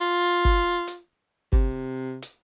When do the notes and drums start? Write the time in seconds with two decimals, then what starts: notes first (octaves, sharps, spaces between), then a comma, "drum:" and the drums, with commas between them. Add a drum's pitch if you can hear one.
0.01 F4
0.45 drum: kick G1
0.87 drum: hi-hat
1.53 C3, drum: kick G1
2.22 drum: hi-hat